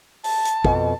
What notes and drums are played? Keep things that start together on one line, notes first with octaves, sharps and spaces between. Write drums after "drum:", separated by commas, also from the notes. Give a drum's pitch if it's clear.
A5, drum: open hi-hat
drum: hi-hat
F2 B2, drum: kick